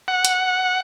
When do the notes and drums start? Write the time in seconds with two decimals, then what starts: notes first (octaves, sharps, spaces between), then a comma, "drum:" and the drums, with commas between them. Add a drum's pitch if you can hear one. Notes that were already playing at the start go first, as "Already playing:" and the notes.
0.08 F#5
0.25 drum: hi-hat